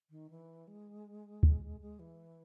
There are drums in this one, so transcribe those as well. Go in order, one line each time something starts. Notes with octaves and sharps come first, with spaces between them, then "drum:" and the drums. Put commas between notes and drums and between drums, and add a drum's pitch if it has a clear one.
D#3
E3
G#3
drum: kick D2
G#3
E3